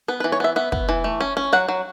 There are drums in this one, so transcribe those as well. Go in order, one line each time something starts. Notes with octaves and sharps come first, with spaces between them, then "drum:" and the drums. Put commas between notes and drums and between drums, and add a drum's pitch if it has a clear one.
B3 B4
B4
E3
C#5
B3 E5
B3 E5
B3, drum: kick
E3
A3
C#4
C#4
F#3 F#5
F#3